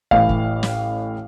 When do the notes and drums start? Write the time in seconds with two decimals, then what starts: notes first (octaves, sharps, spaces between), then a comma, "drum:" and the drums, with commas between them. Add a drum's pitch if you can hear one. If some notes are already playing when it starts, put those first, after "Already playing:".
0.11 A1 A2 E3 F5, drum: kick
0.29 drum: kick
0.63 drum: snare